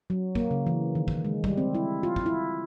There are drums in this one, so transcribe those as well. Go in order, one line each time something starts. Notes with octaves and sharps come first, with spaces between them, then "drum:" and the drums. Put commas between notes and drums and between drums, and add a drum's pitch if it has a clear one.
F#3
A#3, drum: kick
C#3
E3
D#3
drum: kick
G#3
G3, drum: kick
C4
E4
F4
drum: kick
E4